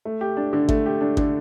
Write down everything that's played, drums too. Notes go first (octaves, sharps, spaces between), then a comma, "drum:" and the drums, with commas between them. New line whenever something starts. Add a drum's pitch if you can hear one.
A3
G4
D4
D3
A3, drum: kick G#1
G4
D4
D3, drum: kick G#1